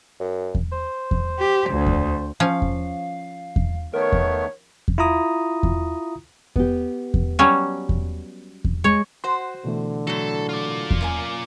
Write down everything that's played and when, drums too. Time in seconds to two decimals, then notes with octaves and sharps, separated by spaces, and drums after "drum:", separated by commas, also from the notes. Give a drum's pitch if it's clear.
0.20 F#2
0.55 drum: kick E2
0.72 C5
1.11 drum: kick E2
1.39 G4
1.70 D2
1.86 drum: kick E2
2.40 F3 C#4 F5
2.62 drum: kick E2
3.56 drum: kick E2
3.94 D#3 A3 B3 A#4 C#5
4.12 drum: kick E2
4.88 drum: kick E2
4.98 E4 F4 A#5 D#6
5.63 drum: kick E2
6.56 B3 G4, drum: kick E2
7.14 drum: kick E2
7.39 F#3 G3 C#4
7.89 drum: kick E2
8.64 drum: kick E2
8.84 G#3 C#5
9.24 F#4 C5 F#5 C6
9.65 B2 D3 E3 A3
10.07 A2 F#3 A4
10.49 F4 D5
10.91 drum: kick E2
11.01 F#2 A#3 G#5